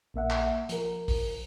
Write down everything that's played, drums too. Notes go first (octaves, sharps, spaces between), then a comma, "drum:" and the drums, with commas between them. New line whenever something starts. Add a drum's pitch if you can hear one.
A#1 A#3 E5 F#5
drum: clap
F3 A#4, drum: hi-hat
drum: kick, open hi-hat